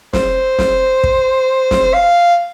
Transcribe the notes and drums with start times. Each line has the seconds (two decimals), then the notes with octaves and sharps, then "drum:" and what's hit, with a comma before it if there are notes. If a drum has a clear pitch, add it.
0.13 C5, drum: snare
0.59 drum: snare
1.04 drum: kick
1.71 drum: snare
1.94 F5